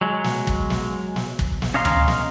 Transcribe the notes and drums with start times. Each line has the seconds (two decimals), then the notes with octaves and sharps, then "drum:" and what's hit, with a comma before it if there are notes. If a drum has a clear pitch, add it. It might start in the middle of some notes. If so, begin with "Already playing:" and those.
0.01 F#3 G#3
0.24 drum: snare
0.47 drum: kick
0.70 drum: snare
1.16 drum: snare
1.39 drum: kick
1.62 drum: snare
1.74 C#4 D#5 F5 A#5 C6
1.85 drum: tom D2
2.08 drum: snare